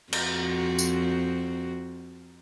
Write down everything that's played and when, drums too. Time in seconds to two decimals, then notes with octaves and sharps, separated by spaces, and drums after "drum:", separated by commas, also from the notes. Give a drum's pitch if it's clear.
0.13 F2 C4 F#4, drum: cymbal
0.79 drum: tambourine